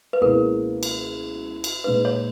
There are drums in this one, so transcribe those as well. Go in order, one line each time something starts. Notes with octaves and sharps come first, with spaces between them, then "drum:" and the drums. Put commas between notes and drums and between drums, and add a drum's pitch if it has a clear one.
B4
C#2 B2 A#3 E4 G#4 A#4
drum: cymbal
drum: cymbal
A#2 G#3 D#4 B4
C#5